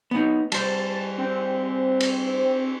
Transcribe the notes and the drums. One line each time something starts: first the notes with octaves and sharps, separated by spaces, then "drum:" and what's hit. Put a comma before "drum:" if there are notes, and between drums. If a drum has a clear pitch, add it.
B3 D#4
G3 C5 A5, drum: cymbal
C4
drum: cymbal